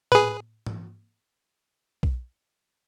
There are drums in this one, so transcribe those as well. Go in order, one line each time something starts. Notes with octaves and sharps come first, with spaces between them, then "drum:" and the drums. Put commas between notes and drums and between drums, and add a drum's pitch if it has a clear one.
G#4 B4, drum: tom A2
drum: tom
drum: kick B1